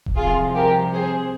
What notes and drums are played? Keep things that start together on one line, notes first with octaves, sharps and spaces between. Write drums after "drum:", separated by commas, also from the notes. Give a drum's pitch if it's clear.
drum: kick D#1
C2 C3 F3 F4 G#4
G4 A#4
G#4 C5